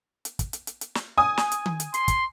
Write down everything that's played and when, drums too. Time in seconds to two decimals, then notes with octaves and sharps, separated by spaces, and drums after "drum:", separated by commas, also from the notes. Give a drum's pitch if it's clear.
0.25 drum: hi-hat
0.39 drum: kick, hi-hat
0.53 drum: hi-hat
0.67 drum: hi-hat
0.81 drum: hi-hat
0.95 drum: snare
1.17 G#5 D#6
1.37 drum: snare
1.52 drum: hi-hat
1.66 drum: tom D#3
1.80 drum: hi-hat
1.94 C6, drum: hi-hat
2.08 drum: kick, hi-hat